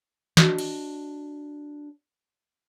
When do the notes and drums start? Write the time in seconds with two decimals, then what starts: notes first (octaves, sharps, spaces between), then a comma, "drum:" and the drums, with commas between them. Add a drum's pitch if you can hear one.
0.37 D4 F#4 D5 D#5, drum: snare
0.58 drum: cymbal